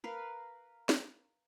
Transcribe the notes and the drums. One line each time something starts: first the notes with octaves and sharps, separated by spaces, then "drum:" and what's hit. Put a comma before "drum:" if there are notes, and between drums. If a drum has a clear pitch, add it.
A#4 B4 F5
drum: snare